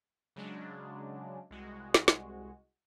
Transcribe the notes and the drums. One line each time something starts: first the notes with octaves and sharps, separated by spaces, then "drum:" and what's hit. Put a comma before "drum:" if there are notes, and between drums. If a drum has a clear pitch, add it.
C#3 F#3 G#3 D4
C2 G#3 F#4
drum: snare
drum: snare